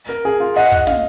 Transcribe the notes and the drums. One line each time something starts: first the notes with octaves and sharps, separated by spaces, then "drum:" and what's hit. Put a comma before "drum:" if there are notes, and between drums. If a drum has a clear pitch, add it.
A#4
G#4
F4
D#5 F#5
drum: kick
F5, drum: snare